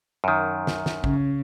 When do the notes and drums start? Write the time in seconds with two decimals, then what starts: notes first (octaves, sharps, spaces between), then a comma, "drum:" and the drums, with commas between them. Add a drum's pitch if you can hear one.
0.24 F#2 D#3
0.67 drum: snare
0.86 drum: snare
1.04 C#3, drum: kick